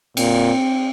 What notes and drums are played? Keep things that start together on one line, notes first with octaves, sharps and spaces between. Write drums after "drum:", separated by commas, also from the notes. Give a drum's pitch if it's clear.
A#2 C4, drum: cymbal